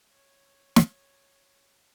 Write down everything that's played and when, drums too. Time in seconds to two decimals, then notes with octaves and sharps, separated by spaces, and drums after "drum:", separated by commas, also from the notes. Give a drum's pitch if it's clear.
0.12 C#5
0.76 drum: snare